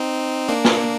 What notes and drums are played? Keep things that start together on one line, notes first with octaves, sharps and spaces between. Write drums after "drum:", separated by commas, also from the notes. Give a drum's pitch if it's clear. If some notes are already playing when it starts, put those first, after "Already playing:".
Already playing: C4 D#4
A#3 D4
drum: snare